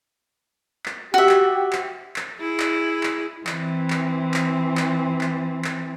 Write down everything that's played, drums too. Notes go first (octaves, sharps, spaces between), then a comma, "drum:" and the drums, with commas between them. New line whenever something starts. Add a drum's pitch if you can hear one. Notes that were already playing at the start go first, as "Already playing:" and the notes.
drum: clap
F#4 G4 E5
drum: clap
drum: clap
drum: clap
E4 G#4
drum: clap
drum: clap
E3 C4, drum: clap
drum: clap
drum: clap
drum: clap
drum: clap
drum: clap